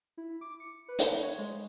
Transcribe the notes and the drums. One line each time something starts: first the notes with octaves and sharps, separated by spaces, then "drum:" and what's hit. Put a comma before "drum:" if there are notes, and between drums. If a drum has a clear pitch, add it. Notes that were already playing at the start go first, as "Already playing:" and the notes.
E4
D6
C#7
B4
drum: hi-hat
C#5
G#3